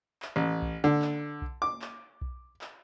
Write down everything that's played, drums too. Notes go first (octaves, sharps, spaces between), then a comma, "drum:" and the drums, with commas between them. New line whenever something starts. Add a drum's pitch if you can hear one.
drum: clap
A1
drum: kick B1
D3
drum: clap
drum: kick B1
D6
drum: clap
drum: kick B1
drum: clap